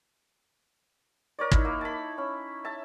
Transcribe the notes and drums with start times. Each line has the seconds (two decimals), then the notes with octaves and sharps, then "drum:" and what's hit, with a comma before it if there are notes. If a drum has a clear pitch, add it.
1.39 A#4 C#5 D5
1.52 D#4 E4, drum: kick
1.65 A#3
1.81 A5 B5
2.18 C#4
2.65 E5 A5